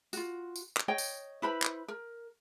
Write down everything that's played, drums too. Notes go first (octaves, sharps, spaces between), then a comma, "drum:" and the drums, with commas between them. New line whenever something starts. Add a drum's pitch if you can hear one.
F4 F#4, drum: tambourine
drum: tambourine
drum: clap
C#5 D#5 G5
drum: tambourine
E4 B4 C5 B5
drum: clap
A#4